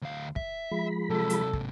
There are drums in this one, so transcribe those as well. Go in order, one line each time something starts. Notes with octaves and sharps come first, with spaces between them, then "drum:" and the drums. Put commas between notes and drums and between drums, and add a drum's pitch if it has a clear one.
D2 F5
E5, drum: kick
F3 G#3 B5
C3 F#3 A4
drum: hi-hat
G#2 C3, drum: kick